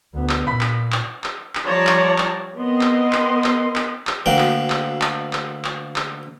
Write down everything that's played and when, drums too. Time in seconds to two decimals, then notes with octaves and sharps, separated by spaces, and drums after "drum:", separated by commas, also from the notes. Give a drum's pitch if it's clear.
0.14 D2 B3
0.29 drum: clap
0.47 A#2 B5
0.61 drum: clap
0.92 drum: clap
1.24 drum: clap
1.55 drum: clap
1.66 F3 G3 C#5 D5 A5 A#5
1.87 drum: clap
2.18 drum: clap
2.57 B3 C4 A#4 D#5 C6
2.81 drum: clap
3.13 drum: clap
3.44 drum: clap
3.76 drum: clap
4.07 drum: clap
4.26 D2 A#3 F#4 G5
4.39 drum: clap
4.70 drum: clap
5.02 drum: clap
5.33 drum: clap
5.65 drum: clap
5.96 drum: clap